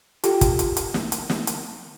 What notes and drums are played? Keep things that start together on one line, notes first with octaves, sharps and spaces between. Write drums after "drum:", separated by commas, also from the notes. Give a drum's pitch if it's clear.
F4 G4 A4 G5, drum: hi-hat
drum: kick, hi-hat
drum: hi-hat
drum: hi-hat
drum: snare
drum: hi-hat
drum: snare
drum: hi-hat